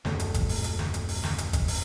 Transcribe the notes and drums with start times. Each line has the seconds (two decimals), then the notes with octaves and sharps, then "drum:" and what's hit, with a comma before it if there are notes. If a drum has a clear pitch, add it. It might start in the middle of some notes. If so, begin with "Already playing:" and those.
0.05 D#1 F#2 A3, drum: snare
0.20 drum: hi-hat
0.34 drum: kick F#1, hi-hat
0.49 drum: open hi-hat
0.64 drum: hi-hat
0.79 drum: snare
0.94 drum: hi-hat
1.09 drum: open hi-hat
1.24 drum: snare
1.38 drum: hi-hat
1.53 drum: kick F#1, hi-hat
1.68 drum: open hi-hat